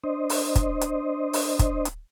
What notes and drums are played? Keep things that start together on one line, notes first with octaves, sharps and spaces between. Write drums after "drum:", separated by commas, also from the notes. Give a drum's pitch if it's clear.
D4 C5 D#5
drum: open hi-hat
drum: kick, hi-hat
drum: hi-hat
drum: open hi-hat
drum: kick, hi-hat
drum: hi-hat